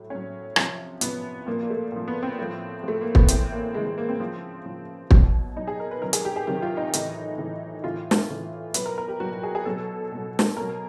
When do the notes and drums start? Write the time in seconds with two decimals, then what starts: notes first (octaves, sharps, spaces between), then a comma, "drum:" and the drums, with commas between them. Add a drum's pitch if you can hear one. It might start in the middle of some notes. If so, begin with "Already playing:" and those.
Already playing: A2 F#3
0.10 A2 F#3 C#4
0.56 C3 F3, drum: rim click
1.01 C3 F3 B3, drum: hi-hat
1.47 A#2 F3 A#3
1.63 A#3
1.70 A3
1.92 A#2 F3
2.08 B3
2.23 C4
2.38 A2 F3
2.83 A2 F3 A3
3.01 A#3
3.15 B3, drum: kick
3.28 A2 E3 C4, drum: hi-hat
3.52 A#3
3.74 A2 E3 G#3
3.86 G#3
3.98 A#3
4.09 C4
4.20 C#3 F3
4.66 C#3 F3
5.11 B2 F#3, drum: kick
5.56 B2 F#3 D#4
5.67 G#4
5.80 A#4
5.91 B4
6.02 C3 D#3 F#3 A#4
6.13 G#4, drum: hi-hat
6.25 G4
6.36 G#4
6.47 C3 D#3 F#3 G4
6.62 F4
6.77 D#4
6.93 A2 E3, drum: hi-hat
7.38 A2 E3
7.84 A2 E3 F4
8.11 drum: snare
8.29 A2 E3
8.74 B2 F#3 B4, drum: hi-hat
8.86 A#4
8.98 A#4
9.08 G4
9.20 B2 F#3 F#4
9.43 G#4
9.55 G#4
9.65 B2 F#3 A4
10.12 B2 F#3
10.39 drum: snare
10.56 B2 F#3 A#4